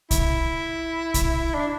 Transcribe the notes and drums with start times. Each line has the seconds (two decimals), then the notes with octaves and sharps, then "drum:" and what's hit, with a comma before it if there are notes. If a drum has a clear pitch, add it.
0.11 E4, drum: kick, hi-hat
1.14 drum: kick, hi-hat
1.55 D4